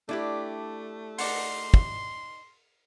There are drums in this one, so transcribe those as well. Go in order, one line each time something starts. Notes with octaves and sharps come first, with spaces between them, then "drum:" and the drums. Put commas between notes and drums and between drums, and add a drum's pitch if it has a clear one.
A3 D4 E4 G4 D5
D#4 D5 F#5 C6, drum: open hi-hat
drum: kick